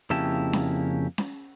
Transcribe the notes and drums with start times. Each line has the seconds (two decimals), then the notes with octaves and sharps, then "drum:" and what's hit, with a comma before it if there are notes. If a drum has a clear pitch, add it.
0.10 F2 C#3 A#3 E4 G4 A5
0.53 drum: snare C#4
1.18 drum: snare C#4